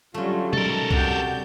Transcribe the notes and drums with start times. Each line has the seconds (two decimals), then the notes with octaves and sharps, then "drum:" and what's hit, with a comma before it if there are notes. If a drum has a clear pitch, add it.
0.14 D3 F#3 G3 A3 C#4 F4
0.53 D#3 G#3 A4 A#4, drum: tom B2
0.91 C2 F#3 D4 F#4 G4 G6, drum: kick B1